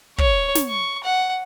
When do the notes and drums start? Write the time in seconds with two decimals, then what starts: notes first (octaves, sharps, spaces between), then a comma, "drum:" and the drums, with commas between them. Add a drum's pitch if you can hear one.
0.18 C#5, drum: kick
0.55 drum: snare
0.68 C#6
1.04 F#5